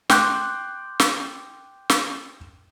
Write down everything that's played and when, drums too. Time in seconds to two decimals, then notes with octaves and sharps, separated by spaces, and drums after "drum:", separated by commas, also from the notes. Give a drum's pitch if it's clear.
0.10 G5 C6 D6 F#6 G6, drum: snare
1.00 drum: snare
1.90 drum: snare